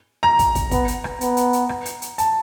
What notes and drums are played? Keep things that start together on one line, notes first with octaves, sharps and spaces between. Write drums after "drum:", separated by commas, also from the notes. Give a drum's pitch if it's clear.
A#5, drum: rim click
drum: kick, hi-hat
drum: kick, hi-hat
B3, drum: kick, hi-hat
drum: hi-hat
drum: rim click
B3, drum: hi-hat
drum: hi-hat
drum: hi-hat
drum: rim click
drum: hi-hat
drum: hi-hat
A5, drum: hi-hat